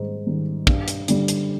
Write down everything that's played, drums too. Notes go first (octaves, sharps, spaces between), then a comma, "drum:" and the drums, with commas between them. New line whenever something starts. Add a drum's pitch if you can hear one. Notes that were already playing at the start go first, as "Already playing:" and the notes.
Already playing: G#2 D#3 G3
D#3 G3
G2, drum: kick
drum: hi-hat
D3 G3, drum: hi-hat
drum: hi-hat